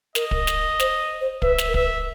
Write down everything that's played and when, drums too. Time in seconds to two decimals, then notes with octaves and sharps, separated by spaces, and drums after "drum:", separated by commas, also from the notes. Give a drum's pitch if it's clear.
0.15 A#4 D#5, drum: snare
0.31 drum: kick
0.47 drum: snare
0.80 C5, drum: snare
1.21 C5
1.42 B4 E5, drum: kick
1.58 drum: snare
1.68 A#4
1.74 B4 E5, drum: kick